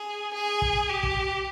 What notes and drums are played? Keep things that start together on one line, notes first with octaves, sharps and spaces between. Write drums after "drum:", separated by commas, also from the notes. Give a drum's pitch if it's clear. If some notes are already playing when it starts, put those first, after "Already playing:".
Already playing: G#4
G#4
drum: kick
G4
drum: kick